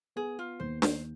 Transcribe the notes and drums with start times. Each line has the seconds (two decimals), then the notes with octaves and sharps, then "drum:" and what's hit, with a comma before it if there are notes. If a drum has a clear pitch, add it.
0.16 B3 G#4
0.39 F4
0.60 D#2 C5
0.82 C5, drum: snare D4